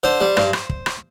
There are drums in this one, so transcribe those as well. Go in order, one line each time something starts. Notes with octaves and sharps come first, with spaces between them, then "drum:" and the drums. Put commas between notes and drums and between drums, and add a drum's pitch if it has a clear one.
D3 C5
G3
G2, drum: rim click
drum: rim click
drum: kick
drum: rim click